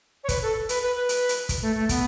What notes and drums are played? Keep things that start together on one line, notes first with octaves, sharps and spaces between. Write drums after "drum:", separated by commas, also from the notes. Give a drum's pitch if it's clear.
C#5
B4, drum: kick, hi-hat
A4
B4, drum: hi-hat
B4
B4
drum: hi-hat
drum: hi-hat
drum: kick, hi-hat
A3
A3
B3, drum: kick, hi-hat